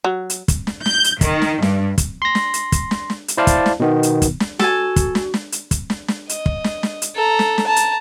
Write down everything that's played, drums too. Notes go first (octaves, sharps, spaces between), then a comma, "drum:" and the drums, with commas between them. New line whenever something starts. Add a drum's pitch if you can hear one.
F#3
drum: hi-hat
drum: kick, hi-hat
drum: snare
G6, drum: snare
drum: hi-hat
D#3, drum: kick, hi-hat
drum: snare
G2, drum: snare
drum: kick, hi-hat
C6 A#6
drum: snare
drum: hi-hat
drum: kick, hi-hat
drum: snare
drum: snare
drum: hi-hat
E4 C5 D5 F5 A5
drum: kick, hi-hat
drum: snare
B2 D#3 B3
drum: hi-hat
drum: kick, hi-hat
drum: snare
F#4 A4 G#5, drum: snare
drum: kick, hi-hat
drum: snare
drum: snare
drum: hi-hat
drum: kick, hi-hat
drum: snare
drum: snare
D#5, drum: hi-hat
drum: kick
drum: snare
drum: snare
drum: hi-hat
A4 A#5
drum: snare
drum: snare
A5 A#5
drum: hi-hat